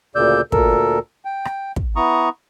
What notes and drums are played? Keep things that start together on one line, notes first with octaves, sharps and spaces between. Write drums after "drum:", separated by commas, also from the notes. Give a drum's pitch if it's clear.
D2 A#2 C#3 D5 E6 G6
D2 A#2 A4 A#4 E6, drum: kick
G5
drum: rim click
drum: kick
B3 E4 A#5 C#6 D#6